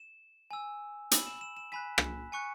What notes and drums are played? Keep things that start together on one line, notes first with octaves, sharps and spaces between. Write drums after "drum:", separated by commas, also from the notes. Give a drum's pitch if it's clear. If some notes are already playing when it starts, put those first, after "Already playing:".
Already playing: E7
G#5 E6
B5 E6 F#7, drum: hi-hat
E7
E7
E7
G#5 B5 F#6 B6
drum: rim click
G#5 C#6 F#6 C#7